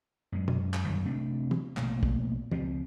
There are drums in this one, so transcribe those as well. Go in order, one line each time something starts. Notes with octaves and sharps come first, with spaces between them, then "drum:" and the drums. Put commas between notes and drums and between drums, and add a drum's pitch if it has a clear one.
F#2 G#3
drum: tom B2
drum: clap
F#2 D#3 G3
C3 A3 C4 D4
drum: tom
A#1 B2 A3 A#3, drum: clap
drum: kick
C#2 F3 C4, drum: tom